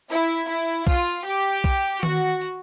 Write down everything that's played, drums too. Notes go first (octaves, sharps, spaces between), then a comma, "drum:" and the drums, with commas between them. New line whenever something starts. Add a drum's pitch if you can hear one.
E4, drum: tambourine
E4
F4, drum: kick B1, tambourine
G4
drum: kick B1, tambourine
F#4, drum: tom D#3
drum: tambourine